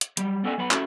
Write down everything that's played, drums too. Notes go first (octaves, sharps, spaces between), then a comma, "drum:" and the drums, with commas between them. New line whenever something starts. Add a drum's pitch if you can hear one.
drum: hi-hat
F#3 G3, drum: hi-hat
B3 C#4 A4 D5 D#5 G#5
F#3 B3 B5
C#4 E4 F#4 A4, drum: clap